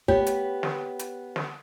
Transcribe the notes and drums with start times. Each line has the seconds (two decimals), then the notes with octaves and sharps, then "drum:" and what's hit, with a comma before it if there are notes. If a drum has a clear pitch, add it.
0.08 B3 G4 C#5, drum: kick
0.27 drum: hi-hat
0.63 drum: snare
0.99 drum: hi-hat
1.36 drum: snare